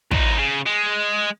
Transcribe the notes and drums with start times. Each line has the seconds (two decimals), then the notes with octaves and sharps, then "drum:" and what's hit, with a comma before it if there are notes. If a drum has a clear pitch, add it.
0.11 E2 D#4, drum: kick
0.38 C#3
0.66 G#3